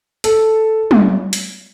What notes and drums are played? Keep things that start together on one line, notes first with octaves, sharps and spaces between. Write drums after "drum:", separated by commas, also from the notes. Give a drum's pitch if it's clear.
A4, drum: hi-hat
drum: tom
drum: hi-hat